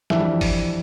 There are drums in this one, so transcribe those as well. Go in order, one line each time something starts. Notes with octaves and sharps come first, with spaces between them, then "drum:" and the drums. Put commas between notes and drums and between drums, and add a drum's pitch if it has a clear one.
F2 E3 G3 D4 E5, drum: snare
drum: kick G1, open hi-hat